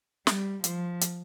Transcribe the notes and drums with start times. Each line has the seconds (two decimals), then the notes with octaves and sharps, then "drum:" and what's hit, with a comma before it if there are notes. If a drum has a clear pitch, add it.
0.27 G3, drum: snare
0.64 F3, drum: hi-hat
1.01 drum: hi-hat